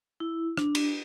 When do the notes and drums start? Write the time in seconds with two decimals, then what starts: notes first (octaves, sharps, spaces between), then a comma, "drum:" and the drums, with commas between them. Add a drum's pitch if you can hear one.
0.20 E4
0.57 D4, drum: rim click
0.75 drum: cymbal